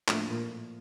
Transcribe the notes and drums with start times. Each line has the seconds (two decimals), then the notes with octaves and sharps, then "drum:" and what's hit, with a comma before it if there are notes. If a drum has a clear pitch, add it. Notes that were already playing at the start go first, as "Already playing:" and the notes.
0.08 A2 F3 A3 A#3 D4 F4, drum: clap
0.30 A#2